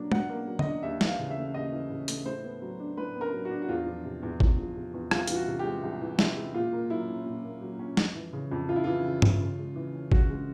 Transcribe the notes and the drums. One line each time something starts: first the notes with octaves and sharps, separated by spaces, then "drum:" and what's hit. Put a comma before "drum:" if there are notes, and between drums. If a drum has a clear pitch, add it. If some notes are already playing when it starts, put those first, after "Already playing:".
Already playing: B2 F#3 A#3 D4
B2 F#5, drum: tom G#3
A#3
F#3
D#5, drum: tom D3
D4
D#2 E5
E3, drum: snare
F5
C#3
E5
A3
D#2 D#5
E3
C#3
A3, drum: hi-hat
A2 C5
B3
F#3
D4
A2 B4
B3
A#4
F#3
F#4
D4
F#4
E2 F4
F3
C3
E2
E2, drum: kick
F3
C3
E2
C2 F4, drum: rim click
E3 F4, drum: hi-hat
F#4
C3
G4
G#3
C2
E3
C3 E4, drum: snare
G#3
A#2 F4
A#3
F#3 E4
C#4
A#2
A#3
F#3
C#4
F2, drum: snare
E3
C#3
F2
F2 F4
E4
E3 F4
C#3
F2, drum: tom G2
C#3
G#3
E3
C#4
C#3 F#4, drum: kick
G#3